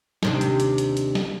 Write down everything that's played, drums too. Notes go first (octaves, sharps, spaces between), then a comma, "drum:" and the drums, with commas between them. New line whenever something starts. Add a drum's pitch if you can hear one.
D#2 C3 D4, drum: snare
drum: hi-hat
drum: hi-hat
drum: hi-hat
drum: hi-hat
drum: snare